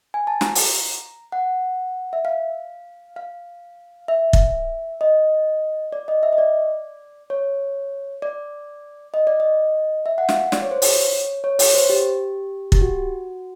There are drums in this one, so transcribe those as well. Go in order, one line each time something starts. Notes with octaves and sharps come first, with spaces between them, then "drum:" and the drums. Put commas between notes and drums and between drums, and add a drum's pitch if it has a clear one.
G#5
A5
A#5, drum: snare
drum: open hi-hat
F#5
E5
F5
F5
E5
drum: kick
D#5
D5
D#5
E5
D#5
D5
C#5
D5
D#5
D5
D#5
E5
F#5
F5, drum: snare
D5, drum: snare
C#5
C5
C#5, drum: open hi-hat
C#5
C#5, drum: open hi-hat
C5
G4
G4, drum: kick
F#4